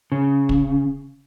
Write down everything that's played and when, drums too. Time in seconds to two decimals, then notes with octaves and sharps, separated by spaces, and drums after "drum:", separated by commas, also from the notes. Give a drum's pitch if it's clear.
0.12 C#3
0.49 drum: kick